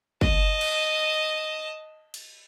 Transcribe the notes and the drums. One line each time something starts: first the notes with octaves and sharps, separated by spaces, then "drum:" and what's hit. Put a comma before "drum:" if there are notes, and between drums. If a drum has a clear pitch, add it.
D#5 A5, drum: kick
drum: cymbal
drum: cymbal